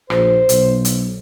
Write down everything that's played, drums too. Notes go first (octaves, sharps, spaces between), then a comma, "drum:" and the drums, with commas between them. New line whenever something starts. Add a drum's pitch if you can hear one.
A#1 C5, drum: rim click
B1, drum: hi-hat
drum: hi-hat